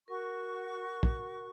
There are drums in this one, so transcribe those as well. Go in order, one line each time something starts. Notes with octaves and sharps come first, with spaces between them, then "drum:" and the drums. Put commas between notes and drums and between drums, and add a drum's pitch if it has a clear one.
F#4 A#4 C#6
drum: kick